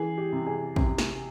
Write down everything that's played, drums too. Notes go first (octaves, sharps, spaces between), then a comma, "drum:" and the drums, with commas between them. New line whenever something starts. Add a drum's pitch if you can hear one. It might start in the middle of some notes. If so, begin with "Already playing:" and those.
Already playing: E3 G#4
G4
C3
G#4
C3, drum: kick
drum: snare